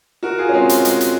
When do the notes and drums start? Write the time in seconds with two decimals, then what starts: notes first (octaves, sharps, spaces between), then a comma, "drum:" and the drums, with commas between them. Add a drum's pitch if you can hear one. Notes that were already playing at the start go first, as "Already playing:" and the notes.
0.23 F#4 A#4
0.38 F4 G#4
0.49 C#4
0.54 G#3 C4
0.69 drum: hi-hat
0.85 G#3, drum: hi-hat
1.01 drum: hi-hat